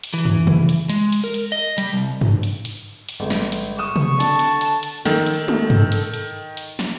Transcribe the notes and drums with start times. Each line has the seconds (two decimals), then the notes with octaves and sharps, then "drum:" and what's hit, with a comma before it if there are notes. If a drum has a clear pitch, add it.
0.03 drum: hi-hat
0.14 E3
0.25 drum: tom
0.47 drum: tom C3
0.69 drum: hi-hat
0.89 G#3, drum: hi-hat
1.12 drum: hi-hat
1.24 A#4
1.34 drum: hi-hat
1.52 D#5
1.78 G3, drum: hi-hat
1.93 C2
2.21 drum: tom G2
2.43 drum: hi-hat
2.65 drum: hi-hat
3.09 drum: hi-hat
3.20 G1 G#3
3.30 drum: snare
3.52 drum: hi-hat
3.79 C#6 D#6 E7
3.96 drum: tom C3
4.20 D3 A5, drum: hi-hat
4.39 drum: hi-hat
4.61 drum: hi-hat
4.83 drum: hi-hat
5.05 D#3 A4, drum: snare
5.26 drum: hi-hat
5.48 drum: tom
5.70 drum: tom G2
5.92 drum: hi-hat
6.14 drum: hi-hat
6.57 drum: hi-hat
6.79 drum: snare